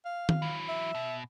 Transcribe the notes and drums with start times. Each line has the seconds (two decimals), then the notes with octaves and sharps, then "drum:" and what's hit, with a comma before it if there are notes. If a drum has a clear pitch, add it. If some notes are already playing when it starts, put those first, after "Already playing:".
0.05 F5
0.29 drum: tom D#3
0.42 E3 F#3
0.69 E5
0.95 B2